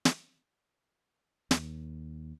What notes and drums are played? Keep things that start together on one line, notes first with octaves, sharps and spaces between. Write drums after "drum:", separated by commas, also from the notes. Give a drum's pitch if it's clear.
drum: snare
D#2, drum: snare